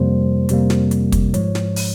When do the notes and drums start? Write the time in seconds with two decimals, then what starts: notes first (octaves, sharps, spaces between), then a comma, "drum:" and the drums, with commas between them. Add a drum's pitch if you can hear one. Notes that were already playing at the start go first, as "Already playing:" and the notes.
Already playing: F2 C3 G3 A#3 C5
0.49 F2 C3 G3 A#3, drum: hi-hat
0.70 drum: snare
0.91 drum: hi-hat
1.12 drum: kick, hi-hat
1.34 G#2 F3 G#3 C#5, drum: hi-hat
1.55 drum: snare
1.76 drum: open hi-hat